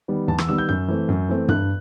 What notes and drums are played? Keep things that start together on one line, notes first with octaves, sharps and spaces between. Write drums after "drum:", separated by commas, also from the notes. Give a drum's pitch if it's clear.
D#3 G3 B3
E2 A5
E6, drum: rim click
D#3 G3 B3 E6
G6
F#2 G6
E3 A3 C4
F#2
E3 A3 C4
G2 F#6, drum: tom